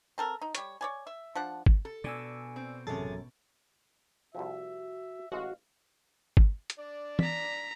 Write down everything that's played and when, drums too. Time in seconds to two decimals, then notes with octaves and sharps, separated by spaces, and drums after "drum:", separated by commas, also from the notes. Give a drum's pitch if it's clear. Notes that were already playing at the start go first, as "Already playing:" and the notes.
0.18 C4 A4 A#4
0.42 D#4
0.55 G3 C#5, drum: hi-hat
0.81 C#5 D5 G#5
1.07 E5
1.35 F3 D4 F#5
1.66 drum: kick G1
1.85 A4
2.04 B2 D4 D5 G#5 E6
2.56 C4
2.87 A1 F#2 C3 F#3 G#4 A4 A6
4.35 C2 F2 F3 F#4 E5
5.32 A1 G#3 F#4 D#5 F5
6.37 drum: kick G1
6.70 drum: hi-hat
6.79 D4 D5
7.19 A#5 B6, drum: tom